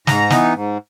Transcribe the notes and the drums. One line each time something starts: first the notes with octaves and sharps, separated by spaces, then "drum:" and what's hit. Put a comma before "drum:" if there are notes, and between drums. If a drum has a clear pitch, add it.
G#2 A#5, drum: snare
E3 B3 D#4, drum: snare
G#2